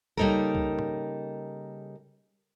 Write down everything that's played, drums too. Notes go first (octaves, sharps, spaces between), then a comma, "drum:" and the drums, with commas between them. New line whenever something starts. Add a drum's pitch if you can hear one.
C#3 G3 A#3 D#4 A4 A#4, drum: kick
drum: kick
drum: tom